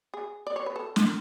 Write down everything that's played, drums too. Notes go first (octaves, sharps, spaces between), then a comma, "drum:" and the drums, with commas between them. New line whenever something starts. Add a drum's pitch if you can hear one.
G#4
D5
C#5
B4
A4
drum: snare